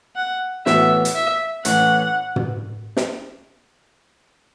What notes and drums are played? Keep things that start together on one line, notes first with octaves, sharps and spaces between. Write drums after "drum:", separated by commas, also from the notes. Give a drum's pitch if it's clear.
F#5
A2 E3 B3 F#4 E5, drum: snare
drum: hi-hat
E5
A2 E3 A3 C#4 F#5, drum: hi-hat
drum: tom
drum: snare